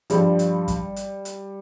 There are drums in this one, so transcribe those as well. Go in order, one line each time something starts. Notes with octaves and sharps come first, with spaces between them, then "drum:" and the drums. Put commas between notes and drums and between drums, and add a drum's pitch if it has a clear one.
G2 F3 G3, drum: hi-hat
drum: hi-hat
drum: kick, hi-hat
drum: hi-hat
drum: hi-hat